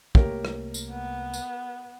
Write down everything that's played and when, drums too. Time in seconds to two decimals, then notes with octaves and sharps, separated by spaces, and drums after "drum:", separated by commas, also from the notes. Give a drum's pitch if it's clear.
0.15 C2 A3 A#3 G4 A#4 C#5, drum: kick
0.45 drum: rim click
0.74 drum: tambourine
0.91 B3
1.34 drum: tambourine